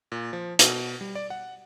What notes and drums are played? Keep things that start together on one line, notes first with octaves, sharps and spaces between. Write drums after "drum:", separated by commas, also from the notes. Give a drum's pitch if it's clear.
A#2
F3
B2, drum: hi-hat
G3
D5
F#5